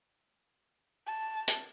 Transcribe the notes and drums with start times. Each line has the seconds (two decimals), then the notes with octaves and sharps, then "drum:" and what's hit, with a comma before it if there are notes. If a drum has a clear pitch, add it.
1.07 A5
1.48 drum: hi-hat